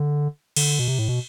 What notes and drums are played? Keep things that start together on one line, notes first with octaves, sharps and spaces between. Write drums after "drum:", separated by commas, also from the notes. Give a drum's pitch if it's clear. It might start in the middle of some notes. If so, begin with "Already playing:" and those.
Already playing: D3
D3, drum: cymbal
B2
C3
A2
B2